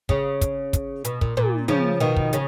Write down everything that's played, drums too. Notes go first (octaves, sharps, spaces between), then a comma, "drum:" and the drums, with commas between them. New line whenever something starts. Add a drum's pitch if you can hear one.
C#3, drum: kick
drum: kick, hi-hat
drum: kick, hi-hat
B2, drum: hi-hat
A#2, drum: kick
A#2, drum: tom
C#3 F3, drum: tom
B2 D#3
drum: kick
C#3, drum: hi-hat